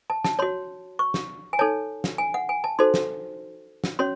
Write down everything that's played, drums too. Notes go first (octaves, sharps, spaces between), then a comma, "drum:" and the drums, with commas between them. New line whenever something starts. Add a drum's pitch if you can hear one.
A5
A5, drum: snare
F#4 C#5 C6
C#6
drum: snare
G#5
D#4 A4 C#5 A5
drum: snare
G#5
F#5
G#5
A5
D#4 F#4 A4 C5 C6
drum: snare
drum: snare
C#4 F#4 C#5 C6